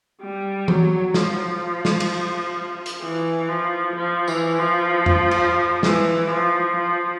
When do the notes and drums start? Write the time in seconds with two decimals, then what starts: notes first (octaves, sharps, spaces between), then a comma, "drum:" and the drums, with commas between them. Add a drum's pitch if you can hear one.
0.22 G3
0.68 F#3, drum: tom E3
1.14 F3, drum: snare
1.85 drum: snare
2.00 drum: cymbal
2.86 drum: hi-hat
3.02 E3
3.49 F3
3.96 F3
4.28 E3, drum: tambourine
4.58 F3
5.06 drum: tom F2
5.31 drum: cymbal
5.83 E3, drum: snare
6.30 F3
6.77 F3